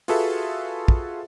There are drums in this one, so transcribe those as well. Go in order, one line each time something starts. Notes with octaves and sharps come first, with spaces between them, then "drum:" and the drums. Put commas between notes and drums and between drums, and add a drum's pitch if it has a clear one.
F4 F#4 G#4 A4 B4 E5, drum: open hi-hat
drum: kick